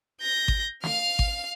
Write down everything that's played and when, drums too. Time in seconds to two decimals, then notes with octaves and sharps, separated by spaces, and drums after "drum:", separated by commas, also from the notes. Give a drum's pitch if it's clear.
0.21 G6 A#6
0.48 drum: kick G#1
0.84 F5 F6, drum: snare
1.19 drum: kick G#1